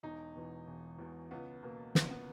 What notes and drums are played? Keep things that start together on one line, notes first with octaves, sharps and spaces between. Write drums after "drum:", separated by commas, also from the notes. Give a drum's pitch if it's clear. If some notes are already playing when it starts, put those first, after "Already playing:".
E1 D#4
E2 B2
E1
E2 B2
C#2 B3
B2 A#3
C#2 B3, drum: snare
B3